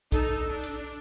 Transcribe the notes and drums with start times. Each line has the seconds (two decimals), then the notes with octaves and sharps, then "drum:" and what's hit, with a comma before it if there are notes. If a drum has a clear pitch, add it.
0.12 D#4 A4, drum: kick B1, hi-hat
0.50 D4
0.63 drum: hi-hat